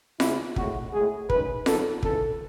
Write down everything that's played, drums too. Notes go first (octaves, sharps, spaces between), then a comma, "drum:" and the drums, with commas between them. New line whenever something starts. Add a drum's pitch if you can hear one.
D#2 C#3 G#3 E4, drum: snare F4
A2 G#3 F#4, drum: kick
A2 G#3 G#4
F#2 D#3 G#3 B4, drum: kick
G#2 D#3 F#3 A4, drum: snare F4
C#2 C#3 E3 A4, drum: kick